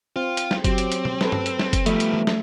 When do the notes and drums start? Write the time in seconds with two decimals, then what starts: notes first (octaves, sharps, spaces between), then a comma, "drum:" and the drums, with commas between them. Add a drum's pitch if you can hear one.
0.16 C4 F4
0.37 drum: hi-hat
0.51 drum: snare
0.64 F#3 C4 G4, drum: kick F#1, hi-hat
0.78 drum: hi-hat
0.92 drum: hi-hat
1.05 drum: tom
1.21 A4 B4, drum: snare
1.32 drum: tom G2
1.46 drum: hi-hat
1.59 drum: snare
1.73 drum: kick F#1, hi-hat
1.86 F3 G3 A3 B3 E5, drum: hi-hat
2.00 drum: hi-hat
2.14 drum: tom
2.27 drum: snare